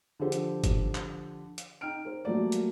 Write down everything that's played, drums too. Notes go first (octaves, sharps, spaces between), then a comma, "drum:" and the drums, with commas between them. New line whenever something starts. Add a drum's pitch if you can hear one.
D3 F3 G4 A4 C5
drum: hi-hat
drum: kick G1, hi-hat
drum: clap
drum: hi-hat
D#4 G5 F6 D7
A#4 C5
F#3 G3 A3 A#3 A#4 D5
drum: hi-hat